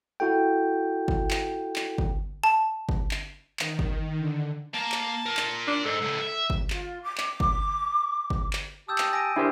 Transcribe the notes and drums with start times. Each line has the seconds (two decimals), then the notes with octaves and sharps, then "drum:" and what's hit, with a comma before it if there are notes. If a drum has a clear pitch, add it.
0.20 E4 F#4 A4 G5
1.08 drum: kick G1
1.31 drum: clap
1.76 drum: clap
1.98 drum: kick G1
2.44 A5
2.89 drum: kick G1
3.11 drum: clap
3.59 D#3, drum: clap
3.79 drum: kick G1
4.18 D3
4.74 A#3 A5 A#5
4.92 drum: clap
5.26 F4 A#4
5.37 drum: clap
5.67 D4
5.85 G#2 A4
6.02 C#2 A2
6.21 E5
6.50 drum: kick G1
6.70 F4, drum: clap
7.03 D6
7.18 drum: clap
7.40 drum: kick G1
8.30 drum: kick G1
8.53 drum: clap
8.88 G4 A5 D#6 E6 G6
8.98 drum: clap
9.13 G#5 A#6 D7
9.36 D4 E4 G4 A#4 C5